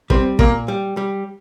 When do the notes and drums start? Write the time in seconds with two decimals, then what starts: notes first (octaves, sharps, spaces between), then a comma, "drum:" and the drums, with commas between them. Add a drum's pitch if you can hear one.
0.10 G3 C4, drum: kick
0.39 A#2 A#3, drum: kick
0.68 G3
0.97 G3